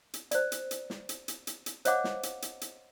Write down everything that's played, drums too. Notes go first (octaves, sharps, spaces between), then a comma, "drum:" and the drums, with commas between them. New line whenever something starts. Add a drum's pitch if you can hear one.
drum: hi-hat
C5 D5, drum: hi-hat
drum: hi-hat
drum: hi-hat
drum: snare
drum: hi-hat
drum: hi-hat
drum: hi-hat
drum: hi-hat
C5 C#5 D#5 F5 F#5 D6, drum: hi-hat
drum: snare
drum: hi-hat
drum: hi-hat
drum: hi-hat